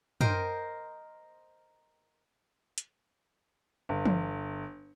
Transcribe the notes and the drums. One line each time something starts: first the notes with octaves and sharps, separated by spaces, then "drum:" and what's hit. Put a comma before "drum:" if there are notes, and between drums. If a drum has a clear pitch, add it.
A#4 C5 D#5 G5, drum: tom
drum: hi-hat
G1
drum: tom E3